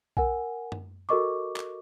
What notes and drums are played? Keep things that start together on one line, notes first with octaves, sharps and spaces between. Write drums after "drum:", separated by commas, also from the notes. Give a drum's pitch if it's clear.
A#4 F#5 G#5, drum: kick B1
drum: tom F#2
F#4 A4 A#4 D#5 C#6 D6
drum: clap